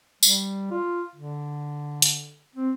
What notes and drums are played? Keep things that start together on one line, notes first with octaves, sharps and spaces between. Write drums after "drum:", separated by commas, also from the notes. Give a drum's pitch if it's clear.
G3, drum: tambourine
F4
D3
drum: hi-hat
C4